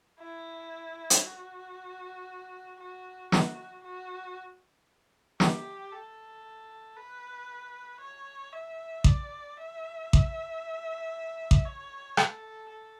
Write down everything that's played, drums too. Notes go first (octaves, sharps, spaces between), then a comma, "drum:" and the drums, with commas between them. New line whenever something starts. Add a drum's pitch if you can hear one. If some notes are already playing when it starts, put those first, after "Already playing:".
E4
drum: hi-hat
F#4
F#4
F#4, drum: snare
F#4
G4, drum: snare
A4
B4
C#5
E5
D5, drum: kick A1
E5
drum: kick A1
drum: kick A1
C#5
A4, drum: rim click
A4